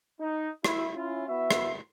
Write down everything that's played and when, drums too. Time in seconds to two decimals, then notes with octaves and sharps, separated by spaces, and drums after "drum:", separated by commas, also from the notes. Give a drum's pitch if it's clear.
0.20 D#4
0.64 E4, drum: rim click
0.94 C#4 E4 F4
1.28 B3 E4 F#4 E5
1.51 drum: rim click